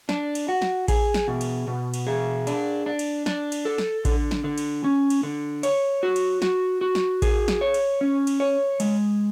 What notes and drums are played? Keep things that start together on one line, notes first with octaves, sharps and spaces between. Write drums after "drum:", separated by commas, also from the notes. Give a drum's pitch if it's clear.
D4, drum: snare
drum: cymbal
F#4
drum: snare
G#4, drum: kick A1, cymbal
drum: snare
B2
drum: cymbal
B2
drum: cymbal
G#4
D4, drum: cymbal
D4
drum: cymbal
D4, drum: snare
drum: cymbal
A4
drum: snare
D3, drum: kick A1, cymbal
drum: snare
D3
drum: cymbal
C#4
drum: cymbal
D3
C#5, drum: cymbal
F#4
drum: cymbal
F#4, drum: snare
F#4
drum: snare
G#4, drum: kick A1, cymbal
drum: snare
C#5
drum: cymbal
C#4
drum: cymbal
C#5
G#3, drum: cymbal